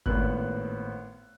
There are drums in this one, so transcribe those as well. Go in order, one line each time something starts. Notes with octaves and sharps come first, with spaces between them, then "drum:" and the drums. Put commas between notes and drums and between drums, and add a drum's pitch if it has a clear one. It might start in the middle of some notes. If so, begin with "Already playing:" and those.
G#1 A2 A#3 B3 C5 F#6, drum: kick